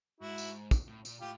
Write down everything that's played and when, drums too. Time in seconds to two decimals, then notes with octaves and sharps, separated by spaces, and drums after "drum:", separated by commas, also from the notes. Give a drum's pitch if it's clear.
0.21 G#2 E4 F#4
0.38 drum: tambourine
0.71 drum: kick, tambourine
0.88 A2
1.05 A#2, drum: tambourine
1.21 A2 F4 G4